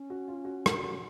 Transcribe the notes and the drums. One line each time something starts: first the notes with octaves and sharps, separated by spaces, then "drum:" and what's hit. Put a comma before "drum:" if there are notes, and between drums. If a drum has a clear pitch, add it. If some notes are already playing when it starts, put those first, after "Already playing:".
Already playing: C#4
F#4
F4
F#4
D4, drum: rim click
C#4 F#4
C#4